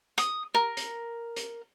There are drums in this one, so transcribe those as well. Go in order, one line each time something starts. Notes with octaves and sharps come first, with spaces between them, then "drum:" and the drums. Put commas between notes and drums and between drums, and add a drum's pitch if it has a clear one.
D#6, drum: hi-hat
A#4
drum: hi-hat
drum: hi-hat